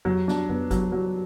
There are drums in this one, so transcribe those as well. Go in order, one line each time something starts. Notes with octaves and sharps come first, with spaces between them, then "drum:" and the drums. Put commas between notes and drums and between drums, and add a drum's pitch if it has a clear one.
F#3, drum: tom F2
D4, drum: snare
B3, drum: tom F2
F#3, drum: kick G#1, hi-hat
F#3